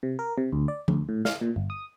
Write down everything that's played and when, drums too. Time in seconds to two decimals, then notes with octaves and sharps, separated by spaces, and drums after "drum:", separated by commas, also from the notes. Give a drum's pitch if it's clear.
0.03 C3
0.19 A#4
0.38 C3
0.52 D2
0.68 D5
0.88 D2, drum: tom F3
1.09 A2
1.25 F5, drum: snare
1.41 A#2
1.56 G1
1.70 D#6